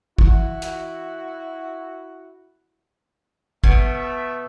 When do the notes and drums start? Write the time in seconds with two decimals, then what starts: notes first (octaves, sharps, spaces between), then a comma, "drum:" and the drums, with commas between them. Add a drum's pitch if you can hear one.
0.18 E3 E4 F#4, drum: kick
0.62 drum: hi-hat
3.64 B2 A3 E5, drum: kick